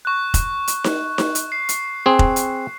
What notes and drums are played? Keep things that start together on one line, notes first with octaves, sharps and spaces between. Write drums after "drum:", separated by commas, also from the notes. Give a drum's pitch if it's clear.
C#6 F#6
drum: kick F1, hi-hat
drum: hi-hat
drum: snare D#4
drum: snare D#4
drum: hi-hat
C7
drum: hi-hat
C4 G#4
drum: kick F1
drum: hi-hat